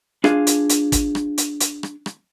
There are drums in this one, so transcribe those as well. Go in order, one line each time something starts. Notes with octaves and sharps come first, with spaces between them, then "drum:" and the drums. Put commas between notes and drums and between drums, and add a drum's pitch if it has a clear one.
D4 F4 G#4 F5, drum: rim click
drum: hi-hat
drum: hi-hat
drum: kick, hi-hat
drum: rim click
drum: hi-hat
drum: hi-hat
drum: rim click
drum: rim click